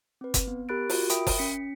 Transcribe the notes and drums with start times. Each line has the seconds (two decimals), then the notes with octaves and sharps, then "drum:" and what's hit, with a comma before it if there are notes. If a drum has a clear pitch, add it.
0.21 C4 B4
0.34 drum: kick F#1, hi-hat
0.47 B3
0.69 G4 A#4 B5 F#6 A6 D7
0.90 F4 F#4, drum: open hi-hat
1.10 A#4 E5 G5 B5 D#6 D7, drum: hi-hat
1.27 drum: kick F#1, open hi-hat
1.38 C#4 B6 C#7